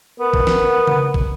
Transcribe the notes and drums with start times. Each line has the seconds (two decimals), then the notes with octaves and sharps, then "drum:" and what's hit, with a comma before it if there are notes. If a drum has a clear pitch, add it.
0.20 B3 A#4
0.33 drum: kick
0.47 drum: snare
0.87 drum: tom C#3
1.14 drum: kick